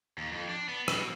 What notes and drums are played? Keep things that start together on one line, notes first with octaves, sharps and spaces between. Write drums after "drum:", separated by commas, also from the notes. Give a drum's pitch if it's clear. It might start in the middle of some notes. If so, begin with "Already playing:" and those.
D#2
F2
D4
B3
B2, drum: rim click